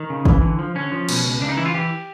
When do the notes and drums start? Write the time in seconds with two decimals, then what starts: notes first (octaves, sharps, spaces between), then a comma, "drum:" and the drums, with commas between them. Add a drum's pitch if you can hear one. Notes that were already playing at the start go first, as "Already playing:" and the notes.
Already playing: D#3
0.10 C#3
0.25 E3, drum: kick
0.42 D3
0.59 F3
0.75 D3 C#4
0.92 F3
1.09 B2, drum: cymbal
1.24 C#2
1.41 C#3 D4
1.49 D#4
1.57 E3 E4
1.66 F4
1.74 E3 G4